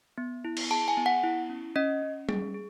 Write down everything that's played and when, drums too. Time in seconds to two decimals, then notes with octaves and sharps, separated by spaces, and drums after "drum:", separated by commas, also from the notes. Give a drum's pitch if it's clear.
0.18 B3
0.45 E4
0.57 drum: cymbal
0.70 G#4 A5
0.88 G#5
0.97 B3
1.06 F#5
1.24 E4
1.50 C#4
1.76 C#4 D#5
2.02 C#4
2.29 G#4, drum: tom G3
2.54 G#4